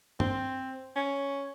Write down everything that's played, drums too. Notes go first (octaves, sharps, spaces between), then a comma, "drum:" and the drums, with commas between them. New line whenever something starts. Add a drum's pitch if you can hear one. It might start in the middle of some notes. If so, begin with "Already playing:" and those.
C4, drum: tom
C#4